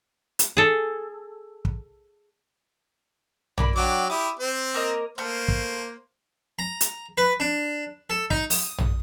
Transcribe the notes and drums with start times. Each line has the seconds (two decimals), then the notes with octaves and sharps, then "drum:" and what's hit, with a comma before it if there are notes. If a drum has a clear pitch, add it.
0.39 drum: hi-hat
0.57 G#4 A4
1.65 drum: kick
3.58 A#3 D5 B5, drum: tom A#1
3.76 F#3 D4 F#5 G5 D6
4.10 E4 G4 D6 D#6
4.39 C4 C5
4.74 A#3 A#4 D#5
5.18 A3 A#3 C5 F6
5.48 drum: kick
6.59 A#5
6.81 drum: hi-hat
7.18 B4
7.40 D4
8.10 A4
8.31 D#4, drum: kick
8.50 D#6, drum: open hi-hat
8.78 drum: tom A#1